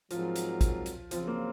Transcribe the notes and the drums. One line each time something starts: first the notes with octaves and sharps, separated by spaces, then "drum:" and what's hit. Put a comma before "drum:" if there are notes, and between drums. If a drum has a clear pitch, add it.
G#2 F3 F#3 C4 F4 A#4, drum: hi-hat
drum: hi-hat
drum: kick, hi-hat
drum: hi-hat
C#3 F3 F#3 C4 F4, drum: hi-hat
A#3